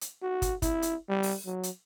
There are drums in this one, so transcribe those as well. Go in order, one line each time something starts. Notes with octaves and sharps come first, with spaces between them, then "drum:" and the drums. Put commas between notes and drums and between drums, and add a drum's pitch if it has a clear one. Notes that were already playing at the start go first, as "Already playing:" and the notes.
drum: hi-hat
F#4
drum: kick, hi-hat
E4, drum: kick, hi-hat
drum: hi-hat
G3
drum: open hi-hat
F#3
drum: hi-hat